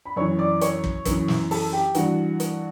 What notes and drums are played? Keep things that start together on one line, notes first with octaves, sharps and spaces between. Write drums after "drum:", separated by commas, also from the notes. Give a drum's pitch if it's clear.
B5
F#2 E3 C#5 C#6
D5 D6
C#5 C#6, drum: hi-hat
drum: kick
F#2 E3, drum: kick, hi-hat
drum: snare
A4 A5, drum: open hi-hat
G4 G5
G2 E3 F#4 F#5, drum: hi-hat
drum: hi-hat